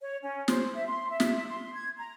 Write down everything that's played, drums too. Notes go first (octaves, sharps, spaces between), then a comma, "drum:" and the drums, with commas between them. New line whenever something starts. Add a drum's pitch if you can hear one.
C#5
C#4
C5, drum: snare
E5
C6
E5
drum: snare
C6
G#6
A#5